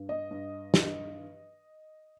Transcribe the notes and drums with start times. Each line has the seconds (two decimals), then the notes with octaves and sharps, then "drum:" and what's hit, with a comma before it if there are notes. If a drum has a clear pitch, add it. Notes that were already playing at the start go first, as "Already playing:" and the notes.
Already playing: G2
0.09 D#5
0.31 G2
0.74 G2, drum: snare